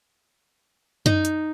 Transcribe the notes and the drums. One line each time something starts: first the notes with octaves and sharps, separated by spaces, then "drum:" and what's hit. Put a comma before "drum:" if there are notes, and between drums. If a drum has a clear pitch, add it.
D#4, drum: tom F#2
drum: hi-hat